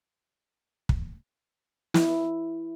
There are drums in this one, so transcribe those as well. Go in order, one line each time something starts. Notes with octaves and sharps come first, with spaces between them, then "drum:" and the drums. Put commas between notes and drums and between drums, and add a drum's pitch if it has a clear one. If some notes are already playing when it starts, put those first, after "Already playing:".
drum: kick
E4, drum: snare